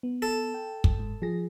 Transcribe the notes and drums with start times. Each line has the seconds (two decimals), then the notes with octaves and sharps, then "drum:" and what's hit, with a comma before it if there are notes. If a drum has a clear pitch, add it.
0.03 B3
0.22 A4
0.54 G5
0.84 drum: kick
0.99 G#2
1.22 F3 G#4 A#6